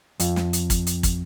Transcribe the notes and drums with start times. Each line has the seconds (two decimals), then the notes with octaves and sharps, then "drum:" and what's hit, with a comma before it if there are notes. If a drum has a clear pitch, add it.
0.20 F2, drum: hi-hat
0.36 drum: snare
0.53 drum: hi-hat
0.70 drum: kick, hi-hat
0.87 drum: hi-hat
1.03 drum: kick, hi-hat